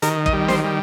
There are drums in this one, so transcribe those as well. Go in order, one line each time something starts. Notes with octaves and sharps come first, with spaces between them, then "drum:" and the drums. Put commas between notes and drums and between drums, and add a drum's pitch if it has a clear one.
D#3 A#4, drum: hi-hat
D#5, drum: kick
G3
C5, drum: snare
G3